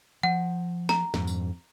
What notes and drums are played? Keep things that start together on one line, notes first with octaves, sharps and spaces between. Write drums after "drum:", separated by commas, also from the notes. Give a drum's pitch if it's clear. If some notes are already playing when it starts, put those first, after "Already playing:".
F3 F#5
A#5, drum: snare
F2 G#2, drum: snare
drum: tambourine